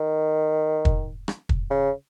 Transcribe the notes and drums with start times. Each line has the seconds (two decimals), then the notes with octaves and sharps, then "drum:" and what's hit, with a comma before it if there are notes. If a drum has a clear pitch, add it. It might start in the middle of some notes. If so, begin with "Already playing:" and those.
Already playing: D#3
0.85 drum: kick
1.28 drum: rim click
1.49 drum: kick
1.71 C#3